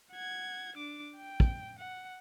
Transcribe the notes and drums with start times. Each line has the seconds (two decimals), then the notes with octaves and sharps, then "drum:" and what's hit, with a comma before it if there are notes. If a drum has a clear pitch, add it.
0.12 F#5 G#6
0.76 D4 D6
1.16 G5
1.40 drum: kick
1.79 F#5